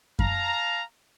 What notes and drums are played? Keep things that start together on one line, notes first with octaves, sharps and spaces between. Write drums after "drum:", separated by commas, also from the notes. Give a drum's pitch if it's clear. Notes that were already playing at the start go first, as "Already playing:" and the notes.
F5 A5 A#5, drum: kick F#2